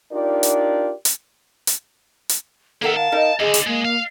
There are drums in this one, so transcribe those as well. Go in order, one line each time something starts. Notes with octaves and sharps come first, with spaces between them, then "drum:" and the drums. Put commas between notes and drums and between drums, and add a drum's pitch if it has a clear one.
D4 D#4 F4 G4 A#4 D5
drum: hi-hat
drum: hi-hat
drum: hi-hat
drum: hi-hat
D#3 A#3 A4 A#4 E5 F#5
F5 A5
D#4 A#4 D#5
D#2 D3 G#4 D#5
drum: hi-hat
G#3 A#3
F5